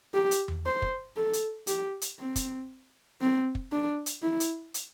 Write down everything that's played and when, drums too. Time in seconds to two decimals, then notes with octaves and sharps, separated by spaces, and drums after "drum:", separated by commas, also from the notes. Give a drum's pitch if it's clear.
0.14 G4
0.31 drum: hi-hat
0.48 drum: tom E2
0.66 C5
0.82 drum: kick
1.16 A4
1.33 drum: hi-hat
1.67 G4, drum: hi-hat
2.01 drum: hi-hat
2.19 C4
2.36 drum: kick, hi-hat
3.21 C4
3.55 drum: kick
3.72 D4
4.06 drum: hi-hat
4.22 E4
4.40 drum: hi-hat
4.74 drum: hi-hat